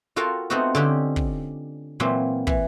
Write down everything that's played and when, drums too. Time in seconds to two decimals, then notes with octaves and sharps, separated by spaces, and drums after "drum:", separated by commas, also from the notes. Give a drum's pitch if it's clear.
0.16 F4 F#4 A4 A#4 F5 G5
0.50 A3 B3 C4 D#4 F4 F#4
0.75 D3 C4 C#4 D#4 G4
1.16 drum: kick
2.00 A#2 E3 F#3 A#3 C4
2.47 E3, drum: kick